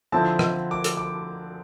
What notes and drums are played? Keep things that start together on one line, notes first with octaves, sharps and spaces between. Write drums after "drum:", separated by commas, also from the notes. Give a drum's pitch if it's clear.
D3 F3 C4 E4 A5
drum: rim click
D6
drum: hi-hat
D6